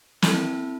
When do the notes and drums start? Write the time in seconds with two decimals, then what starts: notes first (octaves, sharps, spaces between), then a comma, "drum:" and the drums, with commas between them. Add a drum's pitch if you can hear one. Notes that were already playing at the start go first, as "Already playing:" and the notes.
0.22 C4 E4 A4, drum: snare